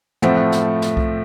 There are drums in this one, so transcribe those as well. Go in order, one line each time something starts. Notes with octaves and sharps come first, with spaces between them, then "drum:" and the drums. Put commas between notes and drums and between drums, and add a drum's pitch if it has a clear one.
A2 F3 A3 C4 F#5, drum: tom
F#5
drum: snare
drum: snare
drum: kick C2